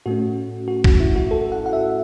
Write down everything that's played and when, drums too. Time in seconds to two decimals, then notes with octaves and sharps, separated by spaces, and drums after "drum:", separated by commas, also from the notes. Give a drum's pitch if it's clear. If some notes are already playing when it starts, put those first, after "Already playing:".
0.06 A2 A3 C#4 F#4
0.68 F#4
0.84 F#4, drum: kick
1.00 E4
1.16 F#4
1.31 A4
1.52 F#5
1.66 F#5
1.73 E5